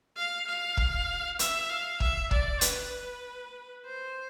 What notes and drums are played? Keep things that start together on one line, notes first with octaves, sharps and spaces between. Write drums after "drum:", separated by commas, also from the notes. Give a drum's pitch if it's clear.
F5
F5
drum: kick
E5, drum: hi-hat
F5
E5, drum: kick
D5, drum: kick
B4, drum: hi-hat
C5